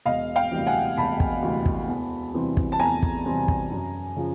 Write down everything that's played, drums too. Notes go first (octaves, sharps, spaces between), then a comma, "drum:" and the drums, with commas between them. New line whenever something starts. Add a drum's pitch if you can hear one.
E1 D#5 F5
F5 G5
D2 C3 E3 G3
F#5 G#5
E1 A5 B5
drum: kick
D2 C3 E3 G3
drum: kick
E2
C3 E3 G3 C4
drum: kick
A5
E2 G#5 A#5
drum: kick
C3 E3 G3 C4
drum: kick
F#2
C#3 F3